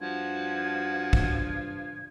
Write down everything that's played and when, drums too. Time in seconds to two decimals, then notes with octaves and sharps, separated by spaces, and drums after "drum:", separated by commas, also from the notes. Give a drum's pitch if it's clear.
0.01 G2 F3 F#4 G#6
1.13 drum: kick